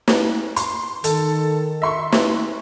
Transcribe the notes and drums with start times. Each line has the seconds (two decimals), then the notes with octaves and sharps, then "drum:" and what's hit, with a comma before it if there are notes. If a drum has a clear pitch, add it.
0.08 drum: snare
0.56 C6, drum: hi-hat
1.04 D#3 A4, drum: hi-hat
1.82 E5 C6 C#6
2.12 drum: snare